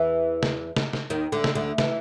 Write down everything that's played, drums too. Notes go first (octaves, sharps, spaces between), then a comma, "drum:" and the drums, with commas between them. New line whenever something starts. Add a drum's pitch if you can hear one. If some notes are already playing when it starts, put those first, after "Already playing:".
Already playing: E2 E3
drum: snare
drum: snare
drum: snare
D#2 D#3
D2 D3
drum: snare
D2 D3
E3, drum: snare